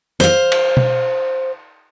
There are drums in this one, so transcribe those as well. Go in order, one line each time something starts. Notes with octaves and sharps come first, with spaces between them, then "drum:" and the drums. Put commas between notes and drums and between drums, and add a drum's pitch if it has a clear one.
C5 F5, drum: snare
drum: cymbal
drum: tom